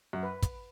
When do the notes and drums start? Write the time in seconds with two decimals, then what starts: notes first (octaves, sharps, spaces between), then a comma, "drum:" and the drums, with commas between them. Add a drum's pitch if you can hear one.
0.13 F#2
0.23 B4
0.42 drum: kick, hi-hat